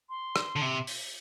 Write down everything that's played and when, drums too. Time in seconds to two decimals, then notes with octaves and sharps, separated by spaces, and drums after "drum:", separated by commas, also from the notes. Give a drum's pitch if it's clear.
0.09 C6
0.36 drum: rim click
0.56 D3
0.61 C3
0.87 drum: open hi-hat